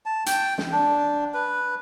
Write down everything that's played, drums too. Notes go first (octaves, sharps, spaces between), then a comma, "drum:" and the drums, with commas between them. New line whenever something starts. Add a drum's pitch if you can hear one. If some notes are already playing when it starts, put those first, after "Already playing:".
A5
G5, drum: hi-hat
drum: snare
D4
B4